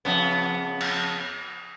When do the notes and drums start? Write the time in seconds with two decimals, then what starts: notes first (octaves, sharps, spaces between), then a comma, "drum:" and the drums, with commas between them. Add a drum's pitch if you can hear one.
0.05 F2 C#3 B3
0.81 drum: cymbal